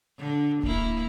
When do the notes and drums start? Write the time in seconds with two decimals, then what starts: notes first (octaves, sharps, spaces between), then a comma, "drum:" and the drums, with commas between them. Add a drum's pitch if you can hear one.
0.19 D3
0.63 A#3 E4, drum: kick D1